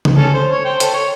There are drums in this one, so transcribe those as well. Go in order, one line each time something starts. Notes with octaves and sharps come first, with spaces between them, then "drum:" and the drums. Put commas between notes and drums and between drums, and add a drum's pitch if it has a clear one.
drum: tom C#3
C#4 A4
C5
C#5
C5 G5
A4, drum: hi-hat
C#5